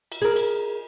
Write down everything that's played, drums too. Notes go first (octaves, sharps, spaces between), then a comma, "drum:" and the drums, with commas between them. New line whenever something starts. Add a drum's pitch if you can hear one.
drum: cymbal
G#4 A#4
drum: cymbal